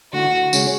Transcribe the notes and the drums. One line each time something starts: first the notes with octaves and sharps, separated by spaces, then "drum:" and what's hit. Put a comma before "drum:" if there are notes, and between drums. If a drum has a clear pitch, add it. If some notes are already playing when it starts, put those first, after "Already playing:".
D3 A3 E4 F#4
C#3 G#3 C#4 G#4 C#5, drum: tambourine